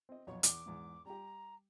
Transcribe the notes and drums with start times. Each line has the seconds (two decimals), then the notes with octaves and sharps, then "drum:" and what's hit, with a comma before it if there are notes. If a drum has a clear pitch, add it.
0.09 C4 D#5
0.27 B1 F2 B2 C#5
0.43 E2 D6, drum: hi-hat
0.66 E2 G#2
1.06 G3 G4 A#5